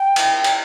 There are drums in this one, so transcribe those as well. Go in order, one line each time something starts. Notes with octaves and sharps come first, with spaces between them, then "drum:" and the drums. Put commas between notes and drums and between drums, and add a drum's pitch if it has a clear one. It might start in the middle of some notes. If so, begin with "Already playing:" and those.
Already playing: G5
drum: cymbal
drum: cymbal